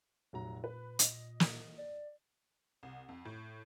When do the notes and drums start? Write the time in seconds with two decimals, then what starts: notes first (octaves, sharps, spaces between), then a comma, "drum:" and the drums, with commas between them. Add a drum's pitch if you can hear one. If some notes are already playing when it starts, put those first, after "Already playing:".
0.33 F1 A#2 F#3 A#5
0.64 B4
0.99 D#5, drum: hi-hat
1.40 drum: snare
1.78 D5
2.83 C2
3.09 F2
3.25 A2